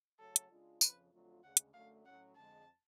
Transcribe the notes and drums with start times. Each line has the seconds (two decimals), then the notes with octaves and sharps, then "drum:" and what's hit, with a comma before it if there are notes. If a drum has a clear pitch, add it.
0.19 C#3 F#3 A3 C#4 A4
0.36 drum: hi-hat
0.50 C#3 G#3 D4 F4
0.81 F2 C#3 F3 B4, drum: tambourine
1.12 F2 D3 F#3 A3 F4
1.43 D2 C#3 G#3 F#5
1.57 drum: hi-hat
1.74 F#2 D3 F#3 A3 F5
2.05 A2 F#3 C#4 F#5
2.36 F2 D3 G#3 A5